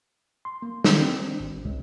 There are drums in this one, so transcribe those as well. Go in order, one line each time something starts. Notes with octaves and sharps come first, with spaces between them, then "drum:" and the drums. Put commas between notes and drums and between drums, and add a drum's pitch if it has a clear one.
C6
A#3
D#3, drum: snare
C4
D4
G#1
C#2